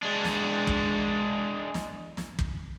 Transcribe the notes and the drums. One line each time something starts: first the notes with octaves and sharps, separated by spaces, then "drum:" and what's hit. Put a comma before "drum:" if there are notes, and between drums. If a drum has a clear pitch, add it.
G#3 D4
drum: snare
drum: kick
drum: snare
drum: snare
drum: kick